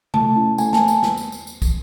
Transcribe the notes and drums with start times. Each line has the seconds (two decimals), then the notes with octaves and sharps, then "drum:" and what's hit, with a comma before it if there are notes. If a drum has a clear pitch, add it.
0.14 A3 A5, drum: tom C3
0.36 C#4 E4
0.58 A3 G#5, drum: tambourine
0.73 A5, drum: snare
0.88 drum: tambourine
1.03 drum: snare
1.17 drum: tambourine
1.32 drum: tambourine
1.47 drum: tambourine
1.62 drum: kick, tambourine